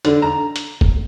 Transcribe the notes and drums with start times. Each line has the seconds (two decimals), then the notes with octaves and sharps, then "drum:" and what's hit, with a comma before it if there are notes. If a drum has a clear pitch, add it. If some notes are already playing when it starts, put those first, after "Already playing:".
0.05 D3, drum: hi-hat
0.22 A#5
0.56 drum: hi-hat
0.81 drum: kick